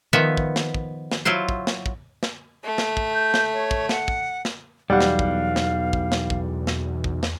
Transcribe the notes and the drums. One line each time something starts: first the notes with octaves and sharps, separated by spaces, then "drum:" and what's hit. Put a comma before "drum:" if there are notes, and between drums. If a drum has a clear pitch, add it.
D#3 F3 B3 E5
drum: kick
drum: snare
drum: kick
drum: snare
F#3 E4 F4 C5
drum: kick
drum: snare
drum: kick
drum: snare
A3
drum: snare
drum: kick
G6
drum: snare
C#5
drum: kick
F#5, drum: snare
drum: kick
drum: snare
B1 E2 G3 F5 F#5
drum: snare
drum: kick
drum: snare
drum: kick
drum: snare
drum: kick
drum: snare
drum: kick
drum: snare